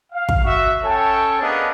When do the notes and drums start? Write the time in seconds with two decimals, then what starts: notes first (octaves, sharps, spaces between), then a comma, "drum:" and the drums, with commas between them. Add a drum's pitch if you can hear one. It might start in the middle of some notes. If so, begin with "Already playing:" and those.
0.12 F5
0.29 drum: kick
0.44 F#4 E5
0.83 C#4 A4 C#5 G5 A5
1.40 B3 D4 G#4 A#4 D#5 F5